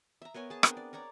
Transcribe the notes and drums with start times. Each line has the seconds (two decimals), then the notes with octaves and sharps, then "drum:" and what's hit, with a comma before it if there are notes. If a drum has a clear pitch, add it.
0.22 E5 A#5
0.34 B3 A#4 C#5 G#5
0.50 G#4 A5
0.63 B3 C4 D4 A#4, drum: rim click
0.77 D5
0.93 A#4 C#5 D5 A#5